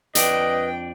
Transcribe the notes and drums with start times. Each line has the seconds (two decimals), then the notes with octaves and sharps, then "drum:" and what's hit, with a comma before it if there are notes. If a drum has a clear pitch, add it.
0.15 F2 D4 B4 D5 D#5 G5, drum: hi-hat